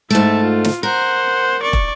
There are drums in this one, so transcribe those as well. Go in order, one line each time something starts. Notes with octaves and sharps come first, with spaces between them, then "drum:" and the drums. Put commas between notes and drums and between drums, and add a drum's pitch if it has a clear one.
G#2 A3 E5 A5
F4
drum: snare
A#4 C5 F#5
D5 C#6
drum: kick